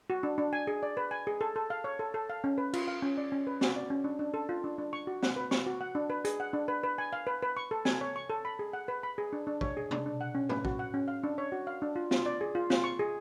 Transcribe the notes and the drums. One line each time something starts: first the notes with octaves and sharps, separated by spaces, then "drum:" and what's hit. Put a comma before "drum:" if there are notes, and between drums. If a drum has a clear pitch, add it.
F#4
D4
D4
G#5
G#4
D5
B4
G#5
G#4
A4
A4
F5
C#5
A4
A4
F5
C#4
B4
F4, drum: cymbal
F5
C#4
D5
C#4
B4
F#4, drum: snare
D5
C#4
D4
D4
A4
F4
D4
D4
C#6
F#4
F#5, drum: snare
B4
C#6, drum: snare
F#4
F#5
D4
B4
G#4, drum: hi-hat
F#5
D4
B4
B4
G#5
F5
B4
B4
C#6
A4
G#5, drum: snare
C#5
C#6
A4
B5
G#4
F#5
B4
B5
G#4
D4
D4
C#5, drum: kick
G#4
D4, drum: tom
D4
F#5
C#4
B4, drum: tom
F#4, drum: kick
F#5
C#4
F5
D4
C#5
F#4
F5
D4
F4
F4, drum: snare
D5
G#4
F4
F4, drum: snare
C#6
G#4